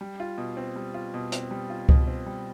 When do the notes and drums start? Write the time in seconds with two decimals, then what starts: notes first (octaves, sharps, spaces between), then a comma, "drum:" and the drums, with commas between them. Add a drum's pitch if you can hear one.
0.01 G3
0.20 F4
0.38 B2
0.57 C4
0.76 G3
0.94 F4
1.14 B2
1.32 C4, drum: hi-hat
1.51 G3
1.70 F4
1.89 B2, drum: kick C#2
2.08 C4
2.26 G3